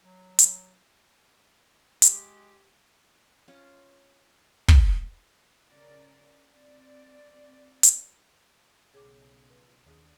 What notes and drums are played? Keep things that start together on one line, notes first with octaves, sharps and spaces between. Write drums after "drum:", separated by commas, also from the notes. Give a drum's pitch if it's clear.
F#3
drum: hi-hat
G#3 G4, drum: hi-hat
C#4 F4
drum: kick
C#3 C#4 A#4 D5
C4 D5
drum: hi-hat
B1 C#3 C#4 G#4 D6
F3 B4
D#2 D4 G#4